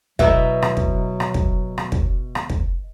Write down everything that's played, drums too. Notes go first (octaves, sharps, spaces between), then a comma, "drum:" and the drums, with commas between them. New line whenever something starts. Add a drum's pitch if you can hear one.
B2 F#3 E4 B4 D#5 E5 A#5, drum: kick
drum: rim click
drum: kick
drum: rim click
drum: kick
drum: rim click
drum: kick
drum: rim click
drum: kick